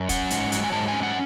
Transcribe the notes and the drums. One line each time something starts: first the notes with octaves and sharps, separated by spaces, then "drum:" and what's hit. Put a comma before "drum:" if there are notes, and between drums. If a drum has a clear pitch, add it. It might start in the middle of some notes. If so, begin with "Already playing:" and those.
Already playing: F#2
C#4 F#5, drum: kick, hi-hat
G#2, drum: hi-hat
F#3, drum: hi-hat
G#5
G#2 A5
C#4 G#5
F#5